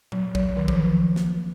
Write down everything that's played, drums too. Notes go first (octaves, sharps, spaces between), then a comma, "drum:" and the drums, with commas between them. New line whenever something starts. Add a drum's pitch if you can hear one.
F#3, drum: tom A#2
F#3, drum: kick A#1
D#3
F3, drum: kick A#1
E3
drum: snare